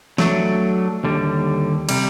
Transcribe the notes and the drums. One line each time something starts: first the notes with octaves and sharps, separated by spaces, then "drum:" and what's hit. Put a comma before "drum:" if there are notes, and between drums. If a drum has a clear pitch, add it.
F#3 A3 D4, drum: snare
D#2 D3 G3
C3 G3, drum: cymbal